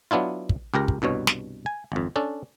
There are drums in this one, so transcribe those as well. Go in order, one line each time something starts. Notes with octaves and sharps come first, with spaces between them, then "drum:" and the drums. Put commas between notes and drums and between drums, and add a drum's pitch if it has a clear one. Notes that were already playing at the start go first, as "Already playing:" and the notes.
F#3 B3 D4 E4 F4
drum: kick
C#2 G4 A#4 A#5
drum: kick
C2 G2 B2 C#5
drum: snare
G#5
G#1 F2
C#4 D4 A4